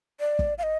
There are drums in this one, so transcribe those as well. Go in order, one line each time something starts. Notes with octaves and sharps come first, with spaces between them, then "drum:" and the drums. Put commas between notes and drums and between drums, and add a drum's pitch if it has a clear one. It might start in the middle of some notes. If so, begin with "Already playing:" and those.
D5
drum: kick
F5
D#5